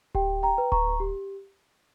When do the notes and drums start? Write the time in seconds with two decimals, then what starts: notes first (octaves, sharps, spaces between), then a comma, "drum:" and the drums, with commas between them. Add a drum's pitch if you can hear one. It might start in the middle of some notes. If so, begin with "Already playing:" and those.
0.15 G4 G5, drum: kick D1
0.43 G5 A#5
0.58 B4
0.72 A#5 C#6, drum: kick D1
1.00 G4